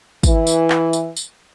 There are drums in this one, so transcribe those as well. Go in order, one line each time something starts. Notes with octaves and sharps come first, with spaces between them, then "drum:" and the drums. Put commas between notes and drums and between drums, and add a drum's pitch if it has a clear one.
E3, drum: kick, tambourine
drum: tambourine
drum: clap
drum: tambourine
drum: tambourine